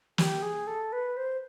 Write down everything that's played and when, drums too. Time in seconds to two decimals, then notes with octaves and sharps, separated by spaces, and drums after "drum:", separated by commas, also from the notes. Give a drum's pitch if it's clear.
0.18 G4, drum: snare
0.42 G#4
0.67 A4
0.92 B4
1.17 C5